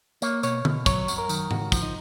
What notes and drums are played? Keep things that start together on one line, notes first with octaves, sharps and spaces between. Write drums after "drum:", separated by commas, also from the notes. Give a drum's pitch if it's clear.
A#3 C#5, drum: tambourine
B2 C#5, drum: tambourine
B2, drum: tom D3
F#3 C#5, drum: kick, tambourine
F#2, drum: tambourine
A#4
D#3, drum: tambourine
C#2 F#4, drum: tom G#2
F3, drum: kick, tambourine
D#4